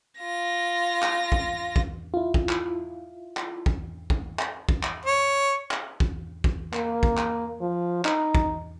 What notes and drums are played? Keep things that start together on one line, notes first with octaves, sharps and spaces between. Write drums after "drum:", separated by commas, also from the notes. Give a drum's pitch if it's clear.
F4 A#6
drum: clap
drum: kick
drum: kick
E4 F4
drum: kick
drum: clap
drum: clap
drum: kick
drum: kick
drum: clap
drum: kick
drum: clap
C#5
drum: clap
drum: kick
drum: kick
A#3, drum: clap
drum: kick
drum: clap
F3
D#4, drum: clap
drum: kick